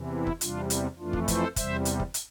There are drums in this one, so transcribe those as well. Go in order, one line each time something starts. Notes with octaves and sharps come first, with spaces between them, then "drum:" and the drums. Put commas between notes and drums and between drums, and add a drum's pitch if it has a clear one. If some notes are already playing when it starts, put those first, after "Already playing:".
Already playing: E2 C3 E3
E4
drum: kick
E2 C3 G3 D4 F4, drum: hi-hat
drum: hi-hat
F2 E3 A3 D4 F4
drum: kick
A4 C5, drum: kick, hi-hat
E2 C3 G3 C5 E5, drum: kick, hi-hat
drum: hi-hat
drum: kick
drum: hi-hat